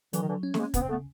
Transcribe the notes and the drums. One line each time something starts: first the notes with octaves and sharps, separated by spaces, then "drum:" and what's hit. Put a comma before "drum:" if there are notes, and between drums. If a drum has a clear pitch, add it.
D3 E3 F#3, drum: hi-hat
D#3
D3 E3
C#4
A3, drum: snare
G#3 A#3
C#3 B3, drum: kick, hi-hat
C4
A3 B3